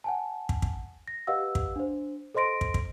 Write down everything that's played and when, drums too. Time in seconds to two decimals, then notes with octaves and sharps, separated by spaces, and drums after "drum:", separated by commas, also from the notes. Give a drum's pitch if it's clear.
0.04 F#5 G#5 A5
0.49 drum: kick
0.62 drum: kick
1.08 A#6
1.27 G4 B4 D#5 F5 F#5 E6
1.55 drum: kick
1.76 D4 C5
2.35 A4 C5 D#5 C6 A#6 D7
2.61 drum: kick
2.74 drum: kick